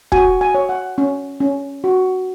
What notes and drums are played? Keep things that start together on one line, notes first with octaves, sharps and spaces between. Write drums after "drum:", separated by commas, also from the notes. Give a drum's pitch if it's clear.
F#4 G#5, drum: kick
G#5
C#5
F#5
C#4
C#4
F#4